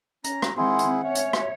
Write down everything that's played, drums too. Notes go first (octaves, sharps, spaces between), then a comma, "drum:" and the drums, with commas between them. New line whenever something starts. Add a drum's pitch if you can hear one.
C#4 A#5, drum: hi-hat
drum: rim click
D#3 G#3 C4 E4 G#4 F#5 C6
drum: hi-hat
C#4 C#5 E5
drum: hi-hat
drum: rim click